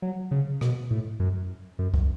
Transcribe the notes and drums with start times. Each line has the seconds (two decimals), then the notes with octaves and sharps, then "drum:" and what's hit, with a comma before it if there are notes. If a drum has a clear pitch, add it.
0.02 F#3
0.31 C#3
0.61 B2, drum: rim click
0.91 A2
1.20 F#2
1.79 F#2
1.94 drum: kick C2